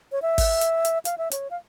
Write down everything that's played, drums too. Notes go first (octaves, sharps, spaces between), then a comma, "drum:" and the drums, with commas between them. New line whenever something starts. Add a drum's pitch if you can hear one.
C#5
E5
drum: kick, open hi-hat
drum: hi-hat
drum: hi-hat
F5, drum: hi-hat
E5
C#5, drum: hi-hat
F5